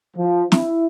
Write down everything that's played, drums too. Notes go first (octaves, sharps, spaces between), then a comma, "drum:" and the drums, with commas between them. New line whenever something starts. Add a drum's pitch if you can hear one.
F3
E4, drum: snare